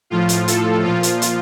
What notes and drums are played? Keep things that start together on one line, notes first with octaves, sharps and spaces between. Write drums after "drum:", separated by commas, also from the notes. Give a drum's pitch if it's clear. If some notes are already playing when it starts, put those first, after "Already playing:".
A2 F3 F4
drum: hi-hat
A4, drum: hi-hat
A#2 F3 F4
drum: hi-hat
drum: hi-hat